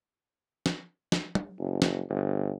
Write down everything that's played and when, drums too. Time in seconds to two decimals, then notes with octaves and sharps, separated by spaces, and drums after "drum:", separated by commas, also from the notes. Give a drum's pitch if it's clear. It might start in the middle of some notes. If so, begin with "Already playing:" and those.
0.66 drum: snare
1.12 drum: snare
1.35 drum: tom
1.59 F#1
1.82 drum: snare
2.10 G1